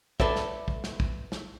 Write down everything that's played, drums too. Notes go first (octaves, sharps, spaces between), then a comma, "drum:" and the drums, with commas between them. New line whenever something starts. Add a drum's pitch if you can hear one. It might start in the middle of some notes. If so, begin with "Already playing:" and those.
A4 B4 D5 E5, drum: kick
drum: snare
drum: kick
drum: snare
drum: kick
drum: snare